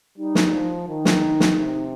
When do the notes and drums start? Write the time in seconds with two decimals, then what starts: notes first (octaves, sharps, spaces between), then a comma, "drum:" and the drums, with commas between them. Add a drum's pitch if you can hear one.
0.18 G3 D#4
0.35 drum: snare
0.53 F3
0.87 D#3 D#4
1.05 drum: snare
1.40 drum: snare
1.58 C3